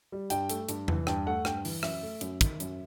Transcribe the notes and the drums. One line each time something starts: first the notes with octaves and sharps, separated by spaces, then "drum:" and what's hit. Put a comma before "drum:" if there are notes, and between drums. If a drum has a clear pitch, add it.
G3
G2 G5, drum: hi-hat
A3, drum: hi-hat
G2, drum: hi-hat
E3, drum: tom E2
G2 G5, drum: rim click
A3 F#5
G2 G5, drum: rim click
E3, drum: open hi-hat
F#2 E5, drum: rim click
A3
F#2, drum: hi-hat
D#3, drum: kick, hi-hat
F#2, drum: hi-hat